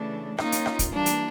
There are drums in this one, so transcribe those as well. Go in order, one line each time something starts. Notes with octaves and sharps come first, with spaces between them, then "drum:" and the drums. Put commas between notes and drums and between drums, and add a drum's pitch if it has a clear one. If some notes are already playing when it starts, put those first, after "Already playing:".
Already playing: C#3 E3 A3 D4
A#3 C#4 D#4 F4, drum: rim click
drum: hi-hat
drum: rim click
drum: kick, hi-hat
E3 G3 A#3 D4
drum: hi-hat